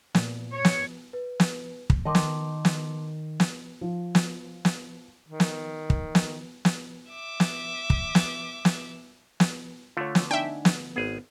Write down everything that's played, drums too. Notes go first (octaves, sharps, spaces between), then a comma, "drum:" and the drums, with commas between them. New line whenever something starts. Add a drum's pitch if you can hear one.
A#2, drum: snare
C#5
drum: snare
B4
drum: snare
drum: kick
D#3 D#5 A5 C6 D6
drum: snare
drum: snare
drum: snare
F3
drum: snare
drum: snare
D#3
drum: snare
drum: kick
drum: snare
drum: snare
E5 D6
drum: snare
drum: kick
drum: snare
drum: snare
drum: snare
D3 A3 F4 C#5
drum: snare
D4 D#4 E5 G5 G#5
drum: snare
G#1 B3 G#4